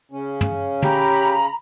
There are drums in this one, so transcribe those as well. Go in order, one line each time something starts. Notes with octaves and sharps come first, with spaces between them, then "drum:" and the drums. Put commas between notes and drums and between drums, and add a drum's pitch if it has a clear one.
C#3 C#4
drum: tom
G4 A#5 B5, drum: tom